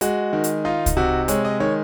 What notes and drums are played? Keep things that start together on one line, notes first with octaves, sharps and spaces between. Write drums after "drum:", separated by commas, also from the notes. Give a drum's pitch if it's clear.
G#3 F#4, drum: hi-hat
D#3
drum: hi-hat
D#4 F4
drum: kick C2, hi-hat
C3 F#4
G#3 C#5, drum: hi-hat
D#5
D#3 C#5